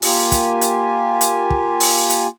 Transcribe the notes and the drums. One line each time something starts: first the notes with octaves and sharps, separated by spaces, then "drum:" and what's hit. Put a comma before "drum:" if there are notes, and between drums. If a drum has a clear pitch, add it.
A#3 F4 G4 G#5, drum: open hi-hat
drum: kick, hi-hat
drum: hi-hat
drum: hi-hat
drum: kick
drum: open hi-hat
drum: hi-hat